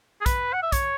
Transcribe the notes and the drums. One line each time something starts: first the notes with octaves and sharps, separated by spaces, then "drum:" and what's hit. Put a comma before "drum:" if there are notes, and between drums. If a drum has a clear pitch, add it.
G#4
B4, drum: kick, hi-hat
F#5
E5
C#5, drum: kick, hi-hat